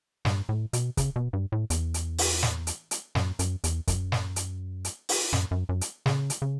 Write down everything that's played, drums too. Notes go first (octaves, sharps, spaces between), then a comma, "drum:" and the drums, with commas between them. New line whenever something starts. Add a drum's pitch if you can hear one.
G2, drum: snare
A2
B2, drum: hi-hat
C#3, drum: kick, hi-hat
B2
G2
A2
E2, drum: hi-hat
drum: hi-hat
drum: open hi-hat
drum: snare
drum: hi-hat
drum: hi-hat
F#2, drum: snare
F#2, drum: hi-hat
E2, drum: hi-hat
F#2, drum: kick, hi-hat
drum: snare
drum: hi-hat
drum: hi-hat
drum: open hi-hat
F#2, drum: snare
F#2
F#2
drum: hi-hat
C#3, drum: snare
drum: hi-hat
C#3